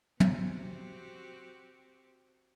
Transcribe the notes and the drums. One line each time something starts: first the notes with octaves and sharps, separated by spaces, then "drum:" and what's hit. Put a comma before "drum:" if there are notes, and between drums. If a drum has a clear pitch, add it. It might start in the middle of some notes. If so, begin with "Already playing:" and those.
C4 F#4 G4, drum: tom